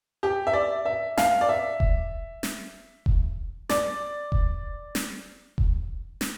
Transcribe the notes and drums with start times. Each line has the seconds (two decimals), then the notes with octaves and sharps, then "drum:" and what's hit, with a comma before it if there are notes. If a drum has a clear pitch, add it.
0.23 G4
0.47 E5
0.53 D5
0.85 E5
1.18 F5, drum: snare
1.41 D5
1.49 E5
1.80 drum: kick E1
2.43 drum: snare
3.06 drum: kick E1
3.70 D5, drum: snare
4.32 drum: kick E1
4.95 drum: snare
5.58 drum: kick E1
6.21 drum: snare